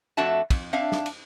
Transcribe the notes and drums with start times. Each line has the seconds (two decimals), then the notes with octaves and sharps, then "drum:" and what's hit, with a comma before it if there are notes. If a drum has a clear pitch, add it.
0.17 F2 A3 D4 F#4 E5 A5
0.50 F2, drum: kick, cymbal
0.73 C4 D4 E5 F5
0.92 drum: snare
1.06 drum: cymbal